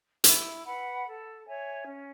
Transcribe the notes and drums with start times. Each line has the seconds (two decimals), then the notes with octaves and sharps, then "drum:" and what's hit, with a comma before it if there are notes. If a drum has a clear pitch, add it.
0.24 E4, drum: hi-hat
0.64 B4 F#5 B5
1.05 A4
1.45 C#5 E5 G#5
1.86 C#4